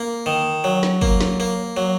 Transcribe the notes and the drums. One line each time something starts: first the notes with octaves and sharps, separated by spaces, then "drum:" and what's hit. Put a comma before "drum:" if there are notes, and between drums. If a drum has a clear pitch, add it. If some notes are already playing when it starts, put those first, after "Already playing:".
Already playing: A#3
D#3
F#3
drum: snare
A#3, drum: kick
drum: snare
A#3
F#3